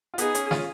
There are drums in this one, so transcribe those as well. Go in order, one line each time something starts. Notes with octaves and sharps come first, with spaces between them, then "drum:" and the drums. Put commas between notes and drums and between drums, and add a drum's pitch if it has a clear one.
F4
B3 D#4 G#4, drum: hi-hat
C#4, drum: hi-hat
C#4 F4, drum: snare